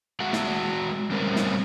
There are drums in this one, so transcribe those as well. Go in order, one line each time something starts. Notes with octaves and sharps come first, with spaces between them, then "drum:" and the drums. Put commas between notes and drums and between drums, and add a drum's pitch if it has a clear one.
G#3 F#4 E5 F#5
drum: snare
G3 C4 C#4 A#4 C5
drum: snare